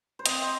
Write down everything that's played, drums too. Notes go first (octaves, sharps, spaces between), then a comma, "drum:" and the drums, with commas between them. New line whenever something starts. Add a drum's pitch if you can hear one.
C5
C4 D#5, drum: hi-hat